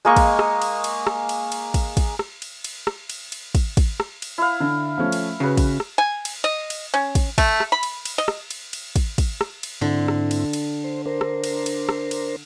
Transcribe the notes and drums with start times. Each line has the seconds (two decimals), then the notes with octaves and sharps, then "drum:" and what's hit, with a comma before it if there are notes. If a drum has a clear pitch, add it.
0.05 G#3 A#3 D#5 C#6
0.16 drum: kick, cymbal
0.39 drum: rim click
0.62 drum: cymbal
0.84 drum: cymbal
1.07 drum: rim click
1.29 drum: cymbal
1.52 drum: cymbal
1.74 drum: kick, cymbal
1.97 drum: kick, cymbal
2.19 drum: rim click
2.42 drum: cymbal
2.64 drum: cymbal
2.87 drum: rim click
3.10 drum: cymbal
3.32 drum: cymbal
3.55 drum: kick, cymbal
3.77 drum: kick, cymbal
4.00 drum: rim click
4.22 drum: cymbal
4.38 E4 F5
4.60 D3
4.97 F3 A3 C#4
5.12 drum: cymbal
5.40 C#3 F#4 B4
5.57 drum: kick, cymbal
5.80 drum: rim click
5.98 G#5
6.25 drum: cymbal
6.44 D#5
6.70 drum: cymbal
6.94 C#4
7.15 drum: kick, cymbal
7.38 A3, drum: kick, cymbal
7.60 drum: rim click
7.72 B5
7.83 drum: cymbal
8.05 drum: cymbal
8.18 D#5
8.28 drum: rim click
8.51 drum: cymbal
8.73 drum: cymbal
8.96 drum: kick, cymbal
9.18 drum: kick, cymbal
9.41 drum: rim click
9.63 drum: cymbal
9.81 G#2 D3 C4 E4
10.08 drum: rim click
10.31 drum: cymbal
10.53 drum: cymbal
10.84 C5
11.06 D4 A#4 C5
11.21 drum: rim click
11.44 drum: cymbal
11.66 drum: cymbal
11.89 drum: rim click
12.11 drum: cymbal